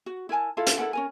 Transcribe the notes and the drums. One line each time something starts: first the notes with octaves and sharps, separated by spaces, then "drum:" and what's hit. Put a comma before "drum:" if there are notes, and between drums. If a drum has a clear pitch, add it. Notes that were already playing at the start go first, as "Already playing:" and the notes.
F#4
E4 A#4 G#5 A5
E4 F4 A4 F5
drum: hi-hat
E4 A4 A#4 F#5
C#4 A#4 G#5